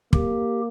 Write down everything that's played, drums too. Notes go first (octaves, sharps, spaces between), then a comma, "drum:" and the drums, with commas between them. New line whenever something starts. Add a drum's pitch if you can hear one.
A#3 G4, drum: kick